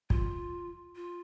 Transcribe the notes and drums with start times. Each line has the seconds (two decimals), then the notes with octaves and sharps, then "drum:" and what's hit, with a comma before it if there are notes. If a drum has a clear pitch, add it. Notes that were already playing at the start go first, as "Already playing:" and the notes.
0.10 F4, drum: kick
0.96 F4